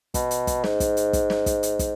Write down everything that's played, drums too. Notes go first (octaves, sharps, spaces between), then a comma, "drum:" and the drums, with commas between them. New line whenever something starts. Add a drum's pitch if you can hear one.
B2, drum: kick, hi-hat
drum: hi-hat
drum: kick, hi-hat
G#2, drum: snare
drum: kick, hi-hat
drum: hi-hat
drum: kick, hi-hat
drum: snare
drum: kick, hi-hat
drum: hi-hat
drum: kick, hi-hat